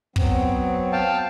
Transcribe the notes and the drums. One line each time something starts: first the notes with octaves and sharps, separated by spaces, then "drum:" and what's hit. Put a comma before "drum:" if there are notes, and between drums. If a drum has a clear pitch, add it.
F#3 B3 C4, drum: kick
F5 G5 A5